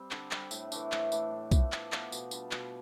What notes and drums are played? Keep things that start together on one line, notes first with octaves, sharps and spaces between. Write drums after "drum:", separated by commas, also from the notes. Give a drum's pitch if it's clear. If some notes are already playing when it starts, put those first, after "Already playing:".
Already playing: G3 C4
D3, drum: clap
G3 C4, drum: clap
A2, drum: tambourine
E3 A3 D4, drum: tambourine
A2, drum: clap
E3 A3 D4, drum: tambourine
A2
F3 B3, drum: kick B1, tambourine
A2, drum: clap
F3 B3, drum: clap
B2, drum: tambourine
G3 D4 F4, drum: tambourine
B2, drum: clap